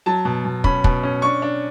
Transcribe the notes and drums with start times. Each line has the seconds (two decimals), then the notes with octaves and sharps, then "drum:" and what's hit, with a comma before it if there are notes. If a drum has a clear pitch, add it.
0.06 F#3 A5
0.25 B2
0.45 B2
0.64 C#4 B5, drum: kick
0.84 B2, drum: kick
1.03 C#4
1.22 D4 C#6
1.42 D4